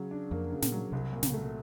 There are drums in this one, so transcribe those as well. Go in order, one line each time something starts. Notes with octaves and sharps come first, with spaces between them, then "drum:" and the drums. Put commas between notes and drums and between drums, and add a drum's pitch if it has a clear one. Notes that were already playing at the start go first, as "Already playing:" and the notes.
Already playing: C#3 F#3
D4
F2 A#3
C#3
A#2, drum: snare
F#3
C2 C3
A#2
C#3, drum: snare
A3